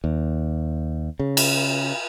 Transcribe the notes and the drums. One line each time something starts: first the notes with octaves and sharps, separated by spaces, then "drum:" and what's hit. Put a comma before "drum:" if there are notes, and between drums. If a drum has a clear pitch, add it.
D#2
C#3
drum: cymbal